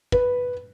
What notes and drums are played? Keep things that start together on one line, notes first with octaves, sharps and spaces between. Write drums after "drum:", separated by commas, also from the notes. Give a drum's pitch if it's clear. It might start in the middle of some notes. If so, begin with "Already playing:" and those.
B4, drum: kick